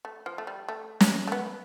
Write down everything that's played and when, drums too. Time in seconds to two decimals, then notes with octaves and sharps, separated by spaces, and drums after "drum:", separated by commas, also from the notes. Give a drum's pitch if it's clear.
0.05 A3
0.26 F3
0.38 A3
0.47 G3
0.68 A3
1.00 drum: snare
1.27 A3
1.32 B3